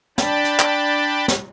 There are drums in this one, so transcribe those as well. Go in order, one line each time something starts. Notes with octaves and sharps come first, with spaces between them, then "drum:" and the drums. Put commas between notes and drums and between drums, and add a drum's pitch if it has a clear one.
D4 D5 G5 A5 B5, drum: snare
drum: hi-hat
drum: clap
drum: snare